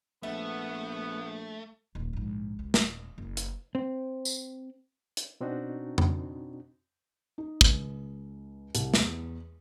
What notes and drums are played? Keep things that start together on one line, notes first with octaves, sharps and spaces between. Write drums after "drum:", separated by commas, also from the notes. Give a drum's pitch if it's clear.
A#1 A3 B3 E5
D#1 A#2
A#1 G#2
C#2
D#1, drum: snare
F#1
drum: hi-hat
C4
drum: tambourine
drum: hi-hat
B2 C4 D4 D#4 F#4
drum: tom F2
D#4
C#2, drum: kick
C2, drum: hi-hat
E2, drum: snare